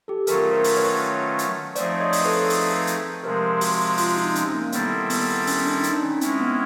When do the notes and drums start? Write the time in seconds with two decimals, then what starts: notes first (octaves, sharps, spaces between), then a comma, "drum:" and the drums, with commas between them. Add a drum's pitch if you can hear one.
0.08 G4 A4
0.27 D#3 F#3 A3 C#4 F4 G#4 A#4, drum: hi-hat
0.51 A#4 C5
0.64 drum: open hi-hat
0.77 B4 C#5
1.39 drum: hi-hat
1.75 F3 A3 C4 D#4 G#4 C5 D5, drum: hi-hat
2.00 C#5 D#5
2.13 drum: open hi-hat
2.25 A4 B4
2.50 drum: open hi-hat
2.87 drum: hi-hat
3.24 C3 F3 G#3 C4 A#4 C5
3.61 F#4, drum: open hi-hat
3.98 F4, drum: open hi-hat
4.17 D#4
4.35 C#4, drum: hi-hat
4.54 A#3
4.72 D#3 G3 B3 C4 E4 A4, drum: hi-hat
5.10 B3, drum: open hi-hat
5.47 C#4, drum: open hi-hat
5.65 D4
5.83 D#4, drum: hi-hat
6.03 C#4
6.21 G#3 C4 C#4 E4, drum: hi-hat
6.40 B3